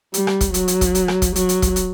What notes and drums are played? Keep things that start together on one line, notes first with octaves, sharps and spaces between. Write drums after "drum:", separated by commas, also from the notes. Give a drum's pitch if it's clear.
G3, drum: hi-hat
drum: rim click
drum: kick, hi-hat
F#3, drum: hi-hat
drum: hi-hat
drum: kick, hi-hat
drum: hi-hat
drum: rim click
drum: kick, hi-hat
F#3, drum: hi-hat
drum: hi-hat
drum: kick, hi-hat
drum: hi-hat